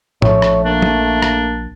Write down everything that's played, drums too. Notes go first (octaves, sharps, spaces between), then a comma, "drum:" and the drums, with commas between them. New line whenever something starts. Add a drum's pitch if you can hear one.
A#1 F3 A3 C#4 C#5, drum: tom
drum: rim click
A#3 D4
drum: tom F3
drum: rim click